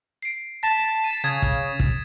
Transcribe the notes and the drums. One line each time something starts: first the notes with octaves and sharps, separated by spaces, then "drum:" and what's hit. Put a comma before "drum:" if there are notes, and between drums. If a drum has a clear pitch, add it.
C7 D7
A5 A#6 B6 E7
A6 D#7
C#3 D#6 G#6 A6
drum: kick
drum: kick